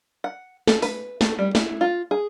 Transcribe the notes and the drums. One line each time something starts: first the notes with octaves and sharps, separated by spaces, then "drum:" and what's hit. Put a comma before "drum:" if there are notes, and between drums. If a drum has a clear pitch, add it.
F#5
A4, drum: snare
B4, drum: open hi-hat
A3, drum: snare
G3
E4, drum: snare
F4
G#4